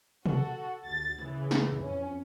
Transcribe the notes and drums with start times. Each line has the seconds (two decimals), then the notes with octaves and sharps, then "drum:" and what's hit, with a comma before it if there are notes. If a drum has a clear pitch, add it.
0.26 F#4 A4, drum: tom
0.86 D2 A6
1.23 C#3 E3
1.51 drum: snare
1.79 F2 C#4